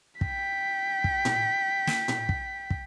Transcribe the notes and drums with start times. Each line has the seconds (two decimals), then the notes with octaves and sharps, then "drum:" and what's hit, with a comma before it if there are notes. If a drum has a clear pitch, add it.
0.21 G5 B6, drum: kick
1.04 drum: kick
1.25 drum: tom A2
1.87 drum: snare
2.08 drum: tom A2
2.29 drum: kick
2.70 drum: kick